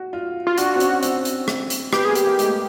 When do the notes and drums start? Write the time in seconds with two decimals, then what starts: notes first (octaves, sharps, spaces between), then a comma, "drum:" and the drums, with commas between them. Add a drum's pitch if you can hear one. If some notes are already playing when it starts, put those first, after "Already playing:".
Already playing: F#4
0.13 F4
0.47 F4
0.58 D4 F#4, drum: hi-hat
0.76 C4
0.80 C#4, drum: hi-hat
1.03 C4, drum: hi-hat
1.25 drum: hi-hat
1.48 drum: rim click
1.70 drum: hi-hat
1.93 B3 G4, drum: rim click
2.05 G#4
2.10 A#3
2.15 G4, drum: hi-hat
2.27 A#3
2.39 G#3, drum: hi-hat
2.44 A3